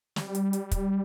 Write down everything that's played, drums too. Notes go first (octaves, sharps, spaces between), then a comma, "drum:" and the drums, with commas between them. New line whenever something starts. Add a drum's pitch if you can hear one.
G3, drum: snare
drum: hi-hat
drum: hi-hat
drum: kick, hi-hat